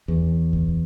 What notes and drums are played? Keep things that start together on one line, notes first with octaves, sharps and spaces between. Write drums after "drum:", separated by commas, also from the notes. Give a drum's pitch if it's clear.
E2
drum: kick C#2